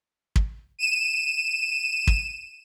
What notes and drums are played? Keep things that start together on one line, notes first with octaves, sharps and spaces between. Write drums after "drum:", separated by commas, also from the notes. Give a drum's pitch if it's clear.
drum: kick
D#7 E7
drum: kick